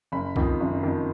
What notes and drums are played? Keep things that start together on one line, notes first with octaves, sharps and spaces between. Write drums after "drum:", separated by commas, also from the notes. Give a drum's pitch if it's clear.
F#1 B5
F2 D#3, drum: kick C2
F#1
F2 D#3